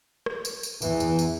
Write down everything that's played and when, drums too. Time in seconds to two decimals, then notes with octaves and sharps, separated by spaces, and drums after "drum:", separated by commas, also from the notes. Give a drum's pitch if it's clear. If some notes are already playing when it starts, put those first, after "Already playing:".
0.26 drum: rim click
0.45 drum: tambourine
0.63 drum: tambourine
0.82 E2 E3, drum: tambourine
1.00 drum: tambourine
1.19 drum: tambourine